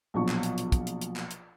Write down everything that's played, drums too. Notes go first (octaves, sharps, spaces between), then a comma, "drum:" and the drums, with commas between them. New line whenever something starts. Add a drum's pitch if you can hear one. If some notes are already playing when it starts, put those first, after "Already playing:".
A#1 B2 F3 F#3 C#6
drum: clap
drum: hi-hat
drum: hi-hat
drum: kick, hi-hat
drum: hi-hat
drum: hi-hat
drum: clap
drum: hi-hat